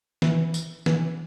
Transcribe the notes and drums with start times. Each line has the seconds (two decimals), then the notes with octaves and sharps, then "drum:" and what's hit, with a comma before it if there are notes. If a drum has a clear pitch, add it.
0.22 E3, drum: snare
0.54 drum: tambourine
0.86 E3, drum: snare